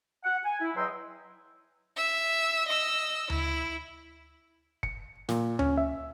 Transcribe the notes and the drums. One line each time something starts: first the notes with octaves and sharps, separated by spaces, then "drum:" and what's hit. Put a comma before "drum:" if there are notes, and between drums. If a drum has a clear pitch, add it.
F#5
G#5
E4
E2 F#3 D#5 G5 C6 E6
E5
D#5 E6
E4, drum: tom D2
C#7, drum: kick
A#2, drum: snare
C#4, drum: tom D2
E5